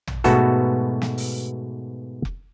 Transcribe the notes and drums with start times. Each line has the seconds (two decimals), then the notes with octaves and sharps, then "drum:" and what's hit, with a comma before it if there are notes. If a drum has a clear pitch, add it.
0.07 drum: tom
0.24 G#2 B2 A3 B3 F#4 A4, drum: hi-hat
1.02 drum: snare
1.18 drum: open hi-hat
2.25 drum: kick F1